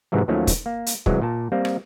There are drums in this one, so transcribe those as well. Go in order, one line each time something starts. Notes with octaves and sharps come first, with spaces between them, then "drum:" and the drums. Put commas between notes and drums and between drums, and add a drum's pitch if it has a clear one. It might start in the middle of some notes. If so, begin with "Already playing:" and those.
G#2 C3 D#3 E3 F#3
D#2 D#3 F3 F#3 A3 C#4
drum: kick, hi-hat
A#3
drum: hi-hat
C2 E3 F#3 G#3, drum: kick
A#2 A5
G3 A#3 C4
drum: rim click